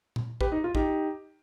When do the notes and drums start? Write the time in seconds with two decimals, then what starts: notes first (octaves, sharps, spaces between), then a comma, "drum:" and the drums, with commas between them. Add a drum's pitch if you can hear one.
0.16 drum: tom A#2
0.41 G4 B4, drum: kick
0.52 D#4
0.64 F4
0.75 D#4 G4, drum: kick